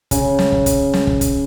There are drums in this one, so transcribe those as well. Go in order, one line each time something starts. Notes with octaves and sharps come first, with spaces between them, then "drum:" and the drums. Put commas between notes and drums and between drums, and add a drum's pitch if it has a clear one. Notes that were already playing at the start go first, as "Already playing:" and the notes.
C#3, drum: kick, hi-hat
drum: snare
drum: kick
drum: kick, hi-hat
drum: snare
drum: kick
drum: kick, hi-hat